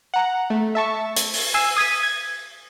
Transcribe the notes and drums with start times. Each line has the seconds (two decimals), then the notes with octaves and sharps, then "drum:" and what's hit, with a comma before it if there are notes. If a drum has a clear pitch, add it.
0.14 F#5 A#5
0.50 A3
0.75 E5 A5 C#6
1.16 drum: hi-hat
1.34 drum: open hi-hat
1.54 G#5 E6 C7
1.77 D#6 G#6 B6 D#7
2.03 G#6